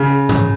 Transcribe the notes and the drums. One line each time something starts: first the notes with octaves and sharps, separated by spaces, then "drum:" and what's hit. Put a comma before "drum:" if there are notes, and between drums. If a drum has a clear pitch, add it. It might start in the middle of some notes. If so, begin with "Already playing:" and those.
Already playing: C#3
drum: tom G#2